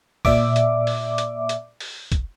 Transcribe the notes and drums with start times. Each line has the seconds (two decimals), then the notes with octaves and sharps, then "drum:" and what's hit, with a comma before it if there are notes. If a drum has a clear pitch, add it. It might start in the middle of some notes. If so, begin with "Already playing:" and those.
0.25 A#2 D5 E5 D6, drum: kick, open hi-hat
0.56 drum: hi-hat
0.87 drum: open hi-hat
1.18 drum: hi-hat
1.49 drum: hi-hat
1.80 drum: open hi-hat
2.12 drum: kick, hi-hat